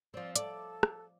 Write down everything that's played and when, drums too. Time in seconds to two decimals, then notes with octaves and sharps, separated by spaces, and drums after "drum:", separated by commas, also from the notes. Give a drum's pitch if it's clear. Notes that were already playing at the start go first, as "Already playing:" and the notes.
0.14 F3 C4 D5
0.36 A4 D5, drum: hi-hat
0.83 drum: rim click